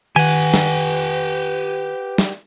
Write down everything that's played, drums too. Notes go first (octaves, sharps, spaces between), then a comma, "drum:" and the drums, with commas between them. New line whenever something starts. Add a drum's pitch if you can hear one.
D#3 G4 B4 F#5 G#5
drum: snare
drum: snare